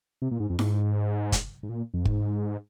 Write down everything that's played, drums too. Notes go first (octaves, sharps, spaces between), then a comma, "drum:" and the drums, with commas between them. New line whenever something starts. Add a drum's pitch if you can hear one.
C3
A#2
G#2
F2
G#2, drum: snare E4
drum: kick, hi-hat
G#2
A#2
F2
G#2, drum: kick